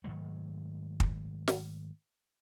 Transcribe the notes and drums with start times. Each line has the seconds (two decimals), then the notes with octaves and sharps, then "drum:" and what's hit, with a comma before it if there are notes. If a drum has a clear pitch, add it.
0.04 G#2 D#3 F#3 A3
1.00 drum: kick
1.48 drum: snare